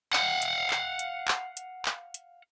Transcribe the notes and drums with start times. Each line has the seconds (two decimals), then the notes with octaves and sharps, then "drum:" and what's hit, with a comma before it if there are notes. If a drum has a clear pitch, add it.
0.13 F5 F#5, drum: clap
0.42 drum: hi-hat
0.70 drum: clap
0.99 drum: hi-hat
1.28 drum: clap
1.57 drum: hi-hat
1.86 drum: clap
2.14 drum: hi-hat